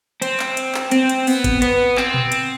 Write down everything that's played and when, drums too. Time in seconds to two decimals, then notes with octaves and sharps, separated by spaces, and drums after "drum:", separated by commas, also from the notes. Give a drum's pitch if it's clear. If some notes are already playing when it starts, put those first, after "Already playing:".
0.22 C4, drum: hi-hat
0.40 drum: clap
0.57 drum: hi-hat
0.75 drum: clap
0.91 C4, drum: hi-hat
1.09 drum: hi-hat
1.27 B3, drum: open hi-hat
1.44 drum: kick, hi-hat
1.62 B3, drum: hi-hat
1.97 C4, drum: clap
2.14 drum: tom A#2
2.32 drum: hi-hat